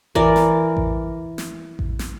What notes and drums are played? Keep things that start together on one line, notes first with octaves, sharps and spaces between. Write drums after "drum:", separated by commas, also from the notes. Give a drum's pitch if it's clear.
E3 A#4 D5, drum: kick A1
drum: snare
drum: kick A1
drum: snare
drum: kick A1
drum: snare